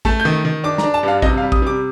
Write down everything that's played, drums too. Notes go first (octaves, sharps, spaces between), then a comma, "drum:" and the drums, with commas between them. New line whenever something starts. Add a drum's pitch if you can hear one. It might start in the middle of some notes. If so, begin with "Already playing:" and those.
A3 A5, drum: kick A1
G6
D#3
D#3
D4 D6
A#5, drum: snare
D4
A5
G2 F5
C3 D#5, drum: kick A1
F5
G3
D#6, drum: kick A1
C3 D6